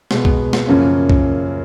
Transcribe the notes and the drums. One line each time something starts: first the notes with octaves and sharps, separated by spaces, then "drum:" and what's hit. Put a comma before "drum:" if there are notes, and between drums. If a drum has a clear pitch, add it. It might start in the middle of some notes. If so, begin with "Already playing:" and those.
B2 G#3 B3, drum: snare
drum: kick
drum: snare
F#2 C#3 F3 A#3 C#4
drum: kick